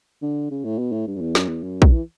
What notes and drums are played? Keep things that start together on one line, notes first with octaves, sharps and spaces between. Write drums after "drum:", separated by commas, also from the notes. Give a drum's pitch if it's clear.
D3
C#3
A2
B2
A2
G2
F#2
E2
F#2, drum: snare
E2
F#2
drum: kick A#1
E3